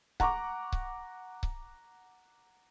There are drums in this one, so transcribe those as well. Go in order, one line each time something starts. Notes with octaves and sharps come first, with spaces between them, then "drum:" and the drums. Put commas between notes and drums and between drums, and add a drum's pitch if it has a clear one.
F#5 A#5 C#6 D6, drum: kick C#1
drum: kick C#1
drum: kick C#1